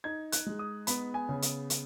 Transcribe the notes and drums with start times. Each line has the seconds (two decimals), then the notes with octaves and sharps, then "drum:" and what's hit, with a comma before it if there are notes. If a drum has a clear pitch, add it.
0.04 D#4 G#6
0.32 F#6, drum: hi-hat
0.46 G#3
0.59 D#6
0.87 B3 B5, drum: hi-hat
1.14 G#5
1.29 C#3
1.42 drum: hi-hat
1.70 drum: hi-hat